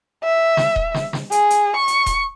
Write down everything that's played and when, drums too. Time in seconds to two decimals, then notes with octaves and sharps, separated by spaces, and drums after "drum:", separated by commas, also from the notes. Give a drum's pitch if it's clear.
0.24 E5
0.57 drum: snare
0.76 drum: kick D#1
0.94 drum: snare
1.13 drum: snare
1.32 G#4, drum: hi-hat
1.50 drum: hi-hat
1.77 C#6
1.88 drum: hi-hat
2.06 drum: kick D#1, hi-hat